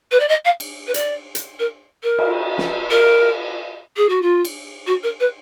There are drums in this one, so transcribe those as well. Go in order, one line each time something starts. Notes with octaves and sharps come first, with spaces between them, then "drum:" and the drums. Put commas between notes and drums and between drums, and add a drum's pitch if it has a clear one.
B4
D5
D#5
F5
drum: cymbal
B4
D5, drum: hi-hat
drum: hi-hat
A#4
A#4
drum: cymbal
drum: snare
A#4
G#4
F#4
F4
drum: cymbal
F#4
A#4
B4